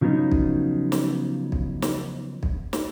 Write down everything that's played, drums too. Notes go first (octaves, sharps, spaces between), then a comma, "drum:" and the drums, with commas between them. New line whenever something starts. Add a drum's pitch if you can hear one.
C#3 F3 F#3 B3 D#4
drum: kick B1
drum: snare
drum: kick B1
drum: snare
drum: kick B1
drum: snare